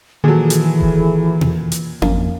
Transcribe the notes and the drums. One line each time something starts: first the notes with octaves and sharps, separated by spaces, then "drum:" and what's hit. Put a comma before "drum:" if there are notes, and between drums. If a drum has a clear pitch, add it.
A#2 D#3 E3 F#3 G#4 A4
drum: hi-hat
drum: kick E1
drum: tom B2
drum: hi-hat
G#1 F2 A#3, drum: tom C#4